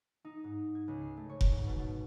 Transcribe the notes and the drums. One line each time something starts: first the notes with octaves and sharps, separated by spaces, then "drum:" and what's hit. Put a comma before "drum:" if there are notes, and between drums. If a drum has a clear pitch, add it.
D#4
G#2
G#6
C#2
C7
A3
C#5
drum: kick F1
G#2
B2
B2